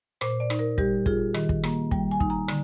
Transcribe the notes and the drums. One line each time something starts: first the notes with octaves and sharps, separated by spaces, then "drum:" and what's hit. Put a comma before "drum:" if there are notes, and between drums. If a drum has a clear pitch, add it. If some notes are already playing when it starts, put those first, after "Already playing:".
A#2 C5, drum: rim click
D5
D#4, drum: rim click
A#4
G3 G4, drum: kick
F4 G#4, drum: kick
D#3, drum: rim click
drum: kick
A#3, drum: rim click
G3 G5, drum: kick
G#5
D#4, drum: kick
A#5
D3, drum: rim click